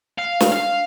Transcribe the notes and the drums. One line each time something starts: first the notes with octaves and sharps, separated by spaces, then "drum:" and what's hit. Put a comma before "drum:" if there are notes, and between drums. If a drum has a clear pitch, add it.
F5
drum: snare
F5